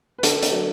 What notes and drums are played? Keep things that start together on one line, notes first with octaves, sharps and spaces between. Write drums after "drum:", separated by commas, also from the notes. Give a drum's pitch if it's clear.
B4
D3 A4, drum: hi-hat
drum: hi-hat
F#3 D4